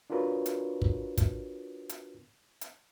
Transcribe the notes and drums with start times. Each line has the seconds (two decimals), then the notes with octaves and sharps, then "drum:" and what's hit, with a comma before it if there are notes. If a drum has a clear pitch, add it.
0.10 D4 F4 F#4 A#4 B4 C#5
0.46 drum: hi-hat
0.82 drum: kick
1.18 drum: kick, hi-hat
1.89 drum: hi-hat
2.61 drum: hi-hat